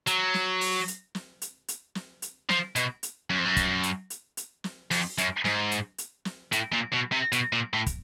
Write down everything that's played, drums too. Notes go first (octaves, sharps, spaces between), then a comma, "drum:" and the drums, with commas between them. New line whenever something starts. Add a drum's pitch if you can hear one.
F#3, drum: hi-hat
drum: snare
drum: open hi-hat
drum: hi-hat
drum: snare
drum: hi-hat
drum: hi-hat
drum: snare
drum: hi-hat
F3, drum: snare
B2, drum: hi-hat
drum: hi-hat
F#2
F2
F#2
drum: kick, hi-hat
drum: hi-hat
drum: hi-hat
drum: hi-hat
drum: snare
F2, drum: open hi-hat
F#2, drum: hi-hat
G#2, drum: snare
drum: hi-hat
drum: hi-hat
drum: snare
A2, drum: hi-hat
A#2
B2
C3
B2, drum: hi-hat
A#2
A2
drum: kick, hi-hat